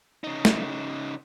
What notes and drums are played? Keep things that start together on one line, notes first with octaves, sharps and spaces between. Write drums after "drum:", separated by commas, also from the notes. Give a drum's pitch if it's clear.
C#3 D#4
drum: snare